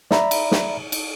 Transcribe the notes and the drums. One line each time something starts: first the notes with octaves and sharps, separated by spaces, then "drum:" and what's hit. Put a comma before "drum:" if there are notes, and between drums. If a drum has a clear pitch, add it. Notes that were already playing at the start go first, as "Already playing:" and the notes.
D5 E5 A#5 B5, drum: snare
drum: cymbal
drum: snare
drum: cymbal